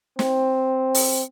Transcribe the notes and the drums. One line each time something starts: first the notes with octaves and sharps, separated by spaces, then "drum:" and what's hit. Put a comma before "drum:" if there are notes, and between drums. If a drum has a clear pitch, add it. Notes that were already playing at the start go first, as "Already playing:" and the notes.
C4, drum: snare
drum: open hi-hat